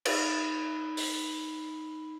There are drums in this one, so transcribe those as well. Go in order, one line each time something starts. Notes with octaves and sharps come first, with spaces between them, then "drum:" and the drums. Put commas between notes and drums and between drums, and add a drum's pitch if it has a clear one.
D#4 B5, drum: cymbal
drum: open hi-hat